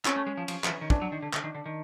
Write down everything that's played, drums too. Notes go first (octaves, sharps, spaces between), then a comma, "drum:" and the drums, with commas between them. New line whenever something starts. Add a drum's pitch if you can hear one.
C4 C#4, drum: clap
A3
G#3
F3
F3, drum: cymbal
F3, drum: clap
E3
D#3
E3 D4, drum: kick
F#3
D#3
D3
D3, drum: clap
D#3
D3
D#3